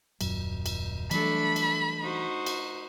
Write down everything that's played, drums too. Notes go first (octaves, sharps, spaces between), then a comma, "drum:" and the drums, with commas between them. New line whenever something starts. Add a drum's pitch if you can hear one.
D#1 F#2 F#3, drum: cymbal
drum: cymbal
E3 F#3 G3 A3 D4 A4 B5, drum: cymbal
drum: cymbal
D#4 F#4 C5
drum: cymbal